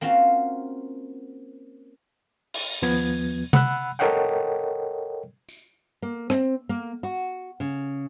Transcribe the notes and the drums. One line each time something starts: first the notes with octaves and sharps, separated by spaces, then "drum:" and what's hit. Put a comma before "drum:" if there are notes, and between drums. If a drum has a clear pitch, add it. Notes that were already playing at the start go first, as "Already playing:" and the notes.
A#3 C4 C#4 F4 F#4
drum: open hi-hat
D#2 F3 B3 G#6
F#5 B5 E6 F#6, drum: tom C3
A4 A#4 C#5 D#5 F#5 G5
drum: tambourine
A#3
C4, drum: rim click
A#3
F#4
C#3